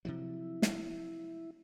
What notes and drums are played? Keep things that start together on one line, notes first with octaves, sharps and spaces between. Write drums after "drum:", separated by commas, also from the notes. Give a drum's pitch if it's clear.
C3 F3 F#3 E4
drum: snare